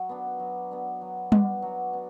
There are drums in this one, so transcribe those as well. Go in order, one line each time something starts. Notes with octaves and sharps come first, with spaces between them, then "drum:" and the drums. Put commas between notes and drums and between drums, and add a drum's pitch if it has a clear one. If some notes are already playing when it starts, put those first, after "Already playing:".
Already playing: F#3
B3 D4
F#3
B3 D4
F#3
B3 D4, drum: tom G3
F#3
B3 D4